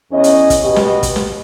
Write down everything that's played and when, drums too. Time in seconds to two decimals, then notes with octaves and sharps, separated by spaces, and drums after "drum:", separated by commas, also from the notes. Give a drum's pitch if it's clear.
0.11 E2 C#4 D#5
0.24 drum: hi-hat
0.50 drum: kick, hi-hat
0.62 B2 G4 D#5
0.76 drum: snare
1.03 drum: kick, hi-hat
1.16 drum: snare